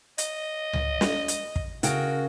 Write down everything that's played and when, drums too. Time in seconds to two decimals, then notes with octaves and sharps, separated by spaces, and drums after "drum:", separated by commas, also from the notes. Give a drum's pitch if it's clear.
0.18 D#5, drum: hi-hat
0.73 drum: tom C#2
1.01 drum: snare
1.28 drum: hi-hat
1.56 drum: kick
1.83 C#3 F#4 A#4 G5, drum: hi-hat